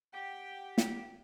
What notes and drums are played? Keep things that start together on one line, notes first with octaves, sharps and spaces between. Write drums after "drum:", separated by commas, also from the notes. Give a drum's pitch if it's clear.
G4 F#5 G5
drum: snare